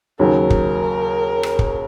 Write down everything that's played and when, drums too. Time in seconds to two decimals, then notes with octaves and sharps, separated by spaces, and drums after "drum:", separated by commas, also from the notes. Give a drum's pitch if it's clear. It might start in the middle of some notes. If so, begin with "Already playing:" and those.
0.19 D#2 C#3 F#3 A#4
0.50 drum: kick
1.43 drum: rim click
1.59 drum: kick